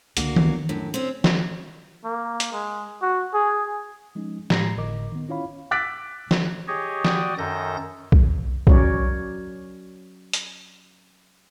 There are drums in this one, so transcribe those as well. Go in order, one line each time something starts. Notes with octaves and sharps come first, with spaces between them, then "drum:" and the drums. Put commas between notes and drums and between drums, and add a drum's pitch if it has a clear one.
C#2 D3 A#3 D4 F#4, drum: hi-hat
drum: tom D#3
F#2 A2 D4
C4 C#4
drum: snare
A#3
drum: hi-hat
G#3
F#4
G#4
F3 G#3 C#4 D#4
A2 G#3 A#5 A#6 C7, drum: snare
G1 A2 D3 A#4 D#5 D6
D#3 B3
C#4 E4 F4 C#5 F5 B5
D6 E6 F#6 A6 B6 D7
drum: snare
G4 G#4 C#5 D#5
F#4 D5 G5 D#6, drum: snare
F#2 D#3 A4 G6 A#6
drum: kick
F#3 C#4 A#4 C#5 D5, drum: kick
drum: hi-hat